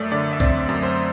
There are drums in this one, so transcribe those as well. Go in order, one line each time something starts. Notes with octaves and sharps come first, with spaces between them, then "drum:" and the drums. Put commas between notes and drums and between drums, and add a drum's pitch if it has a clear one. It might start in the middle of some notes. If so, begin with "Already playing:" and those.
Already playing: F#2 A3 D5 E5
D3 D5
E5
C4 D5, drum: kick B1
F#2
C5, drum: tambourine